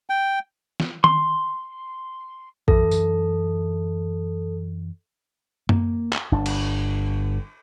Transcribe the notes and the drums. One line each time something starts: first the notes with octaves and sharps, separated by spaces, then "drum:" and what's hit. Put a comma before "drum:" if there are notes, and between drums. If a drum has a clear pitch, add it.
G5
drum: snare
C6, drum: tom D#3
F#2 E3 A4, drum: kick
drum: tambourine
A#3, drum: tom F#2
drum: clap
G1 D4
drum: cymbal